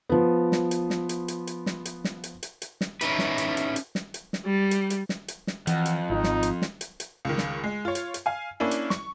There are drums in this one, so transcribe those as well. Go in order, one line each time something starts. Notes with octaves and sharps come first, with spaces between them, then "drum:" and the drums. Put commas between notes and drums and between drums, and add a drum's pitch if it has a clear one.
F3 B3
drum: snare
drum: hi-hat
drum: snare
drum: hi-hat
drum: hi-hat
drum: hi-hat
drum: snare
drum: hi-hat
drum: snare
drum: hi-hat
drum: hi-hat
drum: hi-hat
drum: snare
C#4 D#4 E4 B4, drum: hi-hat
drum: snare
drum: hi-hat
drum: hi-hat
drum: hi-hat
drum: snare
drum: hi-hat
drum: snare
G3
drum: hi-hat
drum: hi-hat
drum: snare
drum: hi-hat
drum: snare
F2 E3 F#5, drum: hi-hat
drum: hi-hat
G#1 F3 C4 D#4
drum: snare
drum: hi-hat
drum: snare
drum: hi-hat
drum: hi-hat
C#2 D#3
drum: snare
G#3
F4 C#5
drum: hi-hat
drum: hi-hat
F5 G#5
A#3 C#4 D4 E4
drum: hi-hat
C#6, drum: snare